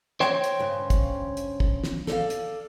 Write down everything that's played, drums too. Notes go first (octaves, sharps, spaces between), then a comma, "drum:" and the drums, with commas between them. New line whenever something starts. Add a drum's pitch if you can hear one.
C5 C#5 G5, drum: snare
drum: hi-hat
G2 C#3
drum: kick, hi-hat
drum: hi-hat
drum: kick
drum: snare
A4 D5 F5, drum: snare
drum: hi-hat